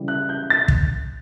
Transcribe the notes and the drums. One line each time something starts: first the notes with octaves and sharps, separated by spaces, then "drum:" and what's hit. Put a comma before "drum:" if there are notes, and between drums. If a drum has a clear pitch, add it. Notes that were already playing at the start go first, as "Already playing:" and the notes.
Already playing: C#3 E3 G3
F#6
G6
A6
drum: kick